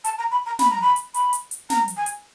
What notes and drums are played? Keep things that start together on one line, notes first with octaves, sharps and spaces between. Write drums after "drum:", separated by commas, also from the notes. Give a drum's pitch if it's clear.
A5, drum: hi-hat
A#5
B5
A#5
B5, drum: snare
A#5
B5
drum: hi-hat
B5, drum: hi-hat
drum: hi-hat
drum: hi-hat
A#5, drum: snare
drum: hi-hat
G#5
drum: hi-hat